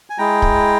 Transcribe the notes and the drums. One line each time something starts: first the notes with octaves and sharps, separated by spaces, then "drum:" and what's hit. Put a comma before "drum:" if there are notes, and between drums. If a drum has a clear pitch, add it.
G#5
G#3 E4 G#4 G5 A#5
drum: kick